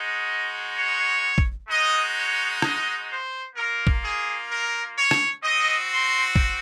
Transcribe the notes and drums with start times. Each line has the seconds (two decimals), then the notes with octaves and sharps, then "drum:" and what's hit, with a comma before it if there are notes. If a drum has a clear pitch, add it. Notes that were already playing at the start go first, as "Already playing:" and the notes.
Already playing: G#3 D#4 F#4 D#5
0.76 C#5
1.38 drum: kick
1.69 G#3 D#4 F#4 D#5
2.15 C#5
2.62 D#5, drum: rim click
3.09 C5
3.56 A#3 F4 A#4
3.87 drum: kick
4.02 G#4
4.49 A#4
4.96 C#5
5.11 drum: rim click
5.42 C4 F#4 D#5
5.89 C6
6.36 drum: kick